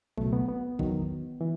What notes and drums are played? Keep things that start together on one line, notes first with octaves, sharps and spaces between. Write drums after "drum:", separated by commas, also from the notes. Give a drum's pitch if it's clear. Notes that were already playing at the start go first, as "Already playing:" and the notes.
C#2 B2 F#3 A3, drum: kick
B3
B3
E2 D#3 F#3, drum: kick
E3